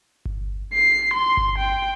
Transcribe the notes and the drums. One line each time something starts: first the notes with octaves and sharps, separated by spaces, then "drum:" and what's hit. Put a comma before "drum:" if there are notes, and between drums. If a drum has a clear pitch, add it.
drum: kick G1
C7
C6
drum: kick G1
G5